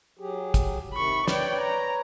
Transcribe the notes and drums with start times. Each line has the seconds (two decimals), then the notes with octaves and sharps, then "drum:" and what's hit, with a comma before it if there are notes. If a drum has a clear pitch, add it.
0.19 F#3 G4 G#4
0.54 drum: kick, hi-hat
0.94 C3 D#3 B5 C#6
1.28 B4 C#5 D5 G5, drum: snare
1.61 A#5